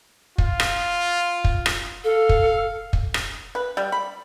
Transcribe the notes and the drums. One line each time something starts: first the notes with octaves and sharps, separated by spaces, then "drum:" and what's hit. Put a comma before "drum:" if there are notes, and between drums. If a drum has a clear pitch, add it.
F4, drum: kick
drum: rim click
drum: kick
drum: rim click
A4 F5
drum: kick
drum: kick
drum: rim click
B4
G3
B5